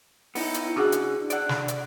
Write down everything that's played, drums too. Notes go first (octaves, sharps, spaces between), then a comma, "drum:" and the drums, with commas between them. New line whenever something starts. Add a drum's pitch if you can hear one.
B3 D#4 E4, drum: open hi-hat
drum: hi-hat
C#3 D4 E4 F#4 G#4 F#5
drum: hi-hat
D5 F#5, drum: hi-hat
drum: snare
drum: hi-hat